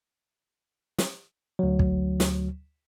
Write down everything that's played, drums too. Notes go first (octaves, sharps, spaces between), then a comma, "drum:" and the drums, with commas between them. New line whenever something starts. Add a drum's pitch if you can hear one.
drum: snare
D2 F#3
drum: kick
drum: snare